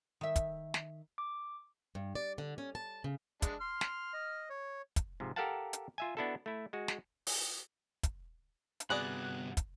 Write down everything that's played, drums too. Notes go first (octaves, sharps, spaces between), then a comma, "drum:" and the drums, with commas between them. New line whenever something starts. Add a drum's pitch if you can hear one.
D#3 E5
drum: kick, hi-hat
drum: snare
D6
G2
D5
D3
C#4
A5
C#3
G#3 D4, drum: kick, hi-hat
C6 F6
drum: snare
D#5
C#5
drum: kick, hi-hat
G#2 C3 F3
G4 A4 A#4 F5 F#5 A5
drum: hi-hat
F4 E5 G#5
B3 D4 E4 F#4 A4
A3 E4
G#3 F#4
drum: snare
drum: open hi-hat
drum: kick, hi-hat
drum: hi-hat
G2 C3 B3 F#4 G#4 D5 B5 F#6
drum: kick, hi-hat